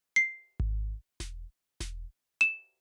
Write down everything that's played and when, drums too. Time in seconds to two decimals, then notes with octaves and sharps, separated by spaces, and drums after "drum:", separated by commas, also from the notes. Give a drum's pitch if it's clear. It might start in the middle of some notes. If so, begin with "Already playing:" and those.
0.16 C7
0.60 drum: kick G#1
1.20 drum: snare E1
1.80 drum: snare E1
2.41 E7